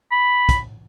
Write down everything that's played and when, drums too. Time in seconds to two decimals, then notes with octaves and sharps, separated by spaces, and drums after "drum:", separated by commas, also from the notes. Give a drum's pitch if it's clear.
0.12 B5
0.49 drum: kick, hi-hat